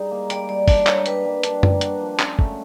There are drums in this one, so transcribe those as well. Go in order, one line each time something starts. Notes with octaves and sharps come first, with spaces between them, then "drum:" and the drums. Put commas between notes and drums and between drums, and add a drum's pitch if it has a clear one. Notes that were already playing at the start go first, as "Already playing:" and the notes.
Already playing: G3 D#4 G#4
A#3
G3 D5, drum: hi-hat
G3 D5
D4 D5, drum: kick, open hi-hat
A#3 C#5, drum: clap
G3 B4, drum: hi-hat
G3
D4, drum: hi-hat
A#3, drum: tom F#2
F#4, drum: hi-hat
F3
C#4, drum: clap
A3, drum: kick